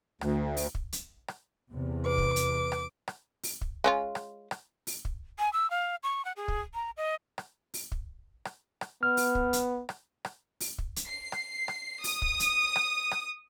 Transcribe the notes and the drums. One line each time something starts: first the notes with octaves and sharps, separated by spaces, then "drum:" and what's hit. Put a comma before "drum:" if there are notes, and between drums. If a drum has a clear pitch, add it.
D2, drum: rim click
drum: open hi-hat
drum: kick
drum: hi-hat
drum: rim click
E2 C3
B4 D6
drum: kick
drum: hi-hat
drum: rim click
drum: rim click
drum: open hi-hat
drum: kick
G#3 C#4 F4
drum: rim click
drum: rim click
drum: open hi-hat
drum: kick
G#5
E6
F5
C#6
F#5
G#4
drum: kick
A#5
D#5
drum: rim click
drum: open hi-hat
drum: kick
drum: rim click
drum: rim click
B3 F6
drum: open hi-hat
drum: kick
drum: hi-hat
drum: rim click
drum: rim click
drum: open hi-hat
drum: kick
drum: hi-hat
C7
drum: rim click
drum: rim click
D#6, drum: open hi-hat
drum: kick
drum: hi-hat
drum: rim click
drum: rim click